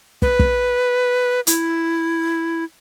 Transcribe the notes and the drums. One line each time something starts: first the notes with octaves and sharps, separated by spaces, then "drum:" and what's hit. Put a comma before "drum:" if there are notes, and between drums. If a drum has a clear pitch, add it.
B4, drum: kick
drum: kick
E4, drum: hi-hat